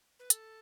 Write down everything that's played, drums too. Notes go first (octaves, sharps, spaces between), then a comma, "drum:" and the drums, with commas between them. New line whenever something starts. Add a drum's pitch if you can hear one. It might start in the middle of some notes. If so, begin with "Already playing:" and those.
B4
A4, drum: hi-hat